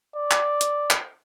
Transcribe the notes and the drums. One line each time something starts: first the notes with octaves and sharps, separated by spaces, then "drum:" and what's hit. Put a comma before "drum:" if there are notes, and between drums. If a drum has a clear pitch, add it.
D5
drum: clap
drum: hi-hat
drum: clap